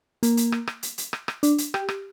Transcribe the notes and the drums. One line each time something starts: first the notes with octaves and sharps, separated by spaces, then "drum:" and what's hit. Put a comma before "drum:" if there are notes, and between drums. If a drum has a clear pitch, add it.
A#3, drum: hi-hat
drum: hi-hat
drum: rim click
drum: rim click
drum: hi-hat
drum: hi-hat
drum: rim click
drum: rim click
D4, drum: hi-hat
drum: hi-hat
G4, drum: rim click
drum: rim click